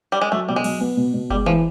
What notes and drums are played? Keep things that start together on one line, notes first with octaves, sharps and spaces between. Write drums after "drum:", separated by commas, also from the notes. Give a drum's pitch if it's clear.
G3
G#3
F#3 A3
B2 G3
G#3
F#3, drum: cymbal
B3
B2
B2
G3 G#3, drum: kick F#1
E3 F3